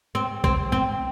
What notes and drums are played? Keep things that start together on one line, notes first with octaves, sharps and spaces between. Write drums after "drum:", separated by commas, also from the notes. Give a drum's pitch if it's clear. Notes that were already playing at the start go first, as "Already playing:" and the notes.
C4
C4, drum: kick
C4